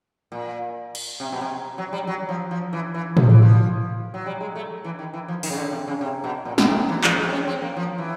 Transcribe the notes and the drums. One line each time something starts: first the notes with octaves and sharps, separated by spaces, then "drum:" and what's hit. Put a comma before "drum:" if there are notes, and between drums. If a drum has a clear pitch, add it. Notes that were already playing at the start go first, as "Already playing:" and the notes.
A#2
drum: cymbal
C3
B2
C3
F#3
G3
F#3
F3
F3
E3
E3
F3, drum: tom
E3
F3
F#3
G3
G#3
A3
E3
D#3
E3
F3
D#3, drum: open hi-hat
C#3
D3
C3
C#3
C3
B2
A#2
B2, drum: snare
C3
E3
F3, drum: clap
G#3
C4
C#4
C4
A#3
F3
E3